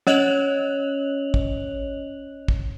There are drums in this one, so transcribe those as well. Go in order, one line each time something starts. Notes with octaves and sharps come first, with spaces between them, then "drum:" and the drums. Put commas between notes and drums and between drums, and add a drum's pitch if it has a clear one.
C#4 C#5 D#5 F#6 F7 F#7, drum: snare
drum: kick
drum: kick